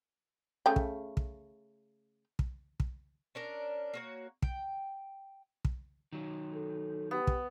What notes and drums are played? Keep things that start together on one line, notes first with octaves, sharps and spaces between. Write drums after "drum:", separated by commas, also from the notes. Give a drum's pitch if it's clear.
C#3 A3 G5
drum: kick
drum: kick
drum: kick
drum: kick
C#4 D4 A#4
A#3 F#4 C#5
G5, drum: kick
drum: kick
D#3 F#3
A4
B3 G4
drum: kick